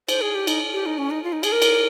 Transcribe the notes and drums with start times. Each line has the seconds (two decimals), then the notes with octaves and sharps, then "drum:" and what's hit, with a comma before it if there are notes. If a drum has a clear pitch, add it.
0.08 C5, drum: cymbal
0.21 G#4
0.35 G4
0.47 D#4, drum: cymbal
0.73 G4
0.86 D#4
0.98 C#4
1.10 D#4
1.24 F4
1.33 D#4
1.43 G#4, drum: cymbal
1.52 A#4
1.62 drum: cymbal